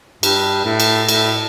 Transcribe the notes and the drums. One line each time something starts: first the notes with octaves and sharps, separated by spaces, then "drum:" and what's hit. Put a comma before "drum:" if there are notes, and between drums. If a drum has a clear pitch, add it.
G2, drum: cymbal
A2
drum: cymbal
A2, drum: cymbal